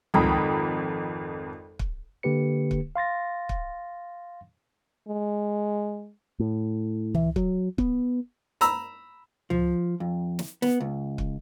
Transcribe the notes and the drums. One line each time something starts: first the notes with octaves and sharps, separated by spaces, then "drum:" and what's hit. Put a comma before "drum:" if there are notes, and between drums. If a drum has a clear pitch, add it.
G#1 F2 G5 A#5 B5 D#6, drum: tom C#2
drum: kick
D3 A#3 G4 B4 C#7
drum: kick
F5 C6 A6 A#6
drum: kick
G#3
A2
E3, drum: tom C#2
F#3, drum: kick
B3, drum: kick
A#5 B5 E6, drum: hi-hat
F3, drum: tom C#2
F2
drum: snare
B3, drum: snare
C#2
drum: kick